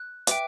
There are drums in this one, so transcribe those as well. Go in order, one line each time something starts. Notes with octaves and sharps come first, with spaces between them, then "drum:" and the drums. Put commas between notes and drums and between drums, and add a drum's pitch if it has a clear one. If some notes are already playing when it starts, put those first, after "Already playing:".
Already playing: F#6
B4 E5 G5 D6, drum: hi-hat